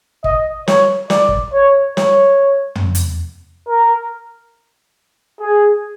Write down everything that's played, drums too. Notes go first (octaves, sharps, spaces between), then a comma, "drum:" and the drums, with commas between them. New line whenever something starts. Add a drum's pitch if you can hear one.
D#5, drum: kick
C#5, drum: snare
D5, drum: snare
drum: kick
C#5
C#5, drum: snare
drum: tom
drum: hi-hat
A#4
G#4